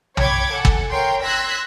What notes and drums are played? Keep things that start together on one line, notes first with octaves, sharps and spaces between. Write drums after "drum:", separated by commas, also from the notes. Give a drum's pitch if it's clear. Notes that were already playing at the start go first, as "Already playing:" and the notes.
C#5 G5 B5 D6 G#6, drum: tom
A4 F#5 G#5
drum: kick G1
A#4 C#5 G5 C6
C6 E6 F#6 G#6 A#6 B6